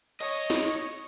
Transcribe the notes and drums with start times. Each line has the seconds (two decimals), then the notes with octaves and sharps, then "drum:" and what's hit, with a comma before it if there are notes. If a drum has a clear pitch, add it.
0.20 C#5 D#5, drum: cymbal
0.50 drum: snare